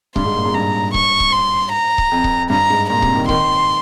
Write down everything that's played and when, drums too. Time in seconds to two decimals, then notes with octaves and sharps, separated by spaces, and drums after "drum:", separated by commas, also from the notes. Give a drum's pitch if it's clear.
0.16 G2 C6, drum: kick C#1
0.25 G#2
0.36 A#2
0.45 G#2
0.54 G2 A#5
0.94 C#6, drum: kick C#1
1.20 drum: kick C#1
1.32 C6
1.72 A#5
1.98 drum: kick C#1
2.12 F2
2.24 drum: kick C#1
2.50 G2 A#5
2.70 G#2
2.90 A#2 A#5
3.02 C3, drum: kick C#1
3.15 D#3
3.29 D#3 C6, drum: kick C#1